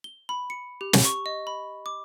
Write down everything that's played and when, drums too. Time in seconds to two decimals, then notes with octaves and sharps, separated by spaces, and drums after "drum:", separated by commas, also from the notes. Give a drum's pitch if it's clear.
0.04 G7
0.29 B5
0.50 C#7
0.81 G4
0.93 drum: snare
1.05 C#6
1.26 D#5
1.47 B5
1.86 D6